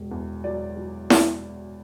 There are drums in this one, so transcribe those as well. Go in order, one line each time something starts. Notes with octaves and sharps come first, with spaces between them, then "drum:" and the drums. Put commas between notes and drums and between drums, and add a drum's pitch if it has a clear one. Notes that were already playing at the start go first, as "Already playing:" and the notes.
Already playing: E1
E2
F#3 D5
F#3
drum: snare E4